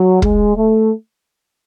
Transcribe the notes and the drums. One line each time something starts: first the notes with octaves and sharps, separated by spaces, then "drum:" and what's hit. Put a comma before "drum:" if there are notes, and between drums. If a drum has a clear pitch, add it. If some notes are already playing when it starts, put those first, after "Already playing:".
Already playing: F#3
G#3, drum: kick
A3